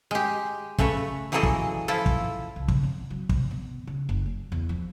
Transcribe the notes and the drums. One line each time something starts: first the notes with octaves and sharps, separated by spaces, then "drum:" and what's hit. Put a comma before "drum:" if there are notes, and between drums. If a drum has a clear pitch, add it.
G#3 G4
C#3 A3 B4 C#5, drum: kick
E3 F#3 A#3 G#4 A4 D#5
drum: kick
F3 E4 F4 A4
drum: kick
C2
C#3, drum: kick
C4
F#3
C3, drum: kick
B2
C#3
F#1
F#3
E2
F3